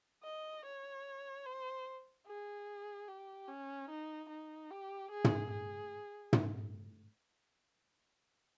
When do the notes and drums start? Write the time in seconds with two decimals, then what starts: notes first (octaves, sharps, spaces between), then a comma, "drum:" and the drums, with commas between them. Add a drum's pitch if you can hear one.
0.24 D#5
0.65 C#5
1.46 C5
2.27 G#4
3.08 G4
3.48 C#4
3.90 D#4
4.29 D#4
4.70 G4
5.11 G#4
5.24 drum: tom
5.51 G#4
6.33 drum: tom